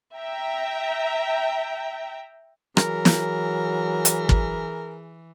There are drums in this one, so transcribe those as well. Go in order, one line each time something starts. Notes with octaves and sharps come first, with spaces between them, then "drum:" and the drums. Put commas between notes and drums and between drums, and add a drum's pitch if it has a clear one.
E5 G5 A#5
E3 F#3 G#4 A#4, drum: rim click
drum: snare
drum: hi-hat
drum: kick